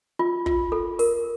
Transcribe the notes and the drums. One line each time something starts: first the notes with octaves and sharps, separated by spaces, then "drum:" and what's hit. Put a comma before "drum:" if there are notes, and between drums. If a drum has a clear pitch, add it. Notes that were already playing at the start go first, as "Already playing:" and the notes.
F4
F4, drum: kick
A4
A#4, drum: open hi-hat